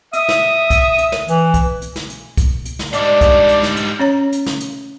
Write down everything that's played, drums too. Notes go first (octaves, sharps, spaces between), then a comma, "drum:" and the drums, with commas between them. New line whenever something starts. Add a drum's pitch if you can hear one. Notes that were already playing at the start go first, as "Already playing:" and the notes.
D#5 E5 D#6, drum: hi-hat
drum: snare
drum: kick, hi-hat
drum: hi-hat
drum: snare
E3, drum: hi-hat
drum: kick, hi-hat
drum: hi-hat
drum: snare
drum: hi-hat
drum: kick, hi-hat
drum: hi-hat
drum: snare
G#2 G3 D4 D5, drum: hi-hat
drum: kick, hi-hat
drum: hi-hat
drum: snare
drum: hi-hat
C#4 C#5 A#5
drum: hi-hat
drum: snare
drum: hi-hat